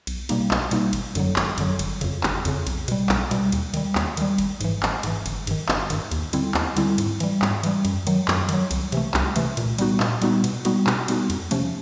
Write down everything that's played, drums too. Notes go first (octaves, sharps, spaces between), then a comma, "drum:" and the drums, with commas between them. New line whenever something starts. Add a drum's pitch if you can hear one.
B1, drum: cymbal
B2 G3 A#3 D#4, drum: cymbal
B1, drum: clap
B2 G3 A#3 D#4, drum: cymbal
G#1, drum: cymbal
F#2 D3 F#3, drum: cymbal
G#1, drum: clap
F#2 D3 F#3, drum: cymbal
G1, drum: cymbal
F2 C#3, drum: cymbal
G1, drum: clap
F2 C#3, drum: cymbal
B1, drum: cymbal
B2 G3, drum: cymbal
B1, drum: clap
B2 G3, drum: cymbal
D#2, drum: cymbal
D#3 G3, drum: cymbal
D#2, drum: clap
D#3 G3, drum: cymbal
G#1, drum: cymbal
G#2 E3, drum: cymbal
G#1, drum: clap
G#2 E3, drum: cymbal
G1, drum: cymbal
G2 D#3, drum: cymbal
G1, drum: clap
G2 D#3, drum: cymbal
D#2, drum: cymbal
D3 G3 C4 E4, drum: cymbal
D#2, drum: clap
D3 G3 C4 E4, drum: cymbal
G#2, drum: cymbal
E3 G3, drum: cymbal
G#2, drum: clap
E3 G3, drum: cymbal
F#2, drum: cymbal
D#3 F#3, drum: cymbal
F#2, drum: clap
D#3 F#3, drum: cymbal
C2, drum: cymbal
C3 E3 A3, drum: cymbal
C2, drum: clap
C3 E3 A3, drum: cymbal
A#2, drum: cymbal
G3 B3 D#4 F#4, drum: cymbal
A#2, drum: clap
G3 B3 D#4 F#4, drum: cymbal
B2, drum: cymbal
G3 B3 D#4 F#4, drum: cymbal
B2, drum: clap
G3 B3 D#4 F#4, drum: cymbal
F2, drum: cymbal
C3 F3 A3 C#4, drum: cymbal